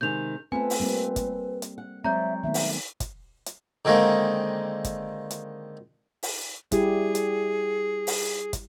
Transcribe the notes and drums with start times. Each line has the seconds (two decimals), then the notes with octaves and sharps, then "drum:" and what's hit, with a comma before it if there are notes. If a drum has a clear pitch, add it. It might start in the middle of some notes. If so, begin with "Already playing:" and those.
0.01 C3 D#3 G#3 G6 F7
0.52 A3 B3 C4 F4 A4 B4 G#5
0.70 drum: open hi-hat
0.80 G3 A#3 C4
1.16 drum: kick, hi-hat
1.62 drum: hi-hat
1.78 F#5
2.04 F#3 G#3 C4 D5 E5 A#5 G6
2.44 D#3 A3 B3 E5
2.54 drum: open hi-hat
3.00 drum: kick, hi-hat
3.46 drum: hi-hat
3.85 D3 D#3 G#3 A#3 C4
4.84 drum: kick, hi-hat
5.31 drum: hi-hat
6.23 drum: open hi-hat
6.72 G3 E4 G4 G#4, drum: kick, hi-hat
7.15 drum: hi-hat
8.07 drum: open hi-hat
8.53 drum: kick, hi-hat